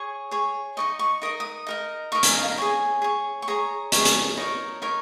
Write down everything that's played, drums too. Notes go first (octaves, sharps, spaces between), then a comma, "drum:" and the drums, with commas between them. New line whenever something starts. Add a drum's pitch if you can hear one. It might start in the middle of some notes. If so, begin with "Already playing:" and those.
Already playing: G#4 C#5 C#6
G#4 C#5
D#4 A#4 D#5 C#6
C#6
D#4 A#4 D#5 D#6
D#6
D#4 A#4 D#5
D#4 A#4 D#5 C#6
G#5, drum: hi-hat
F5
F5
A#5
G#4 C#5 G#5
G#4 C#5
C#6
G#4 C#5 A#5
G#4 C#5, drum: hi-hat
drum: hi-hat
D#4 A#4 C#5
D#4 A#4 C#5